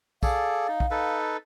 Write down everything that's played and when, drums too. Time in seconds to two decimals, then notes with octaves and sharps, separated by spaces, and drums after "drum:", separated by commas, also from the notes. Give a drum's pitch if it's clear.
0.23 G#4 A4 D5 F5, drum: kick, tambourine
0.68 D#4
0.80 drum: kick
0.91 D#4 A4 B4